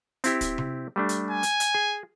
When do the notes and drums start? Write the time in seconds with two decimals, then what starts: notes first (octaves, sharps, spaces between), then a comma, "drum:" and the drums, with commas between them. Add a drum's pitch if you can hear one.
0.24 C4 E4 G4, drum: hi-hat
0.41 drum: kick, hi-hat
0.58 drum: tom C3
0.96 G3 A3 D4
1.09 drum: hi-hat
1.31 G#5
1.43 drum: hi-hat
1.60 drum: hi-hat
1.74 G#4